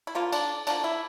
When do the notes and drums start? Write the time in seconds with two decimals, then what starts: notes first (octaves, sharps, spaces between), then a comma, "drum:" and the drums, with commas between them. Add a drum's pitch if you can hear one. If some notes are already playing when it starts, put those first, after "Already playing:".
0.07 E4
0.15 D3 F3 A#3 F4
0.33 D4, drum: cymbal
0.67 D3 F3 A#3 D4, drum: cymbal
0.84 E4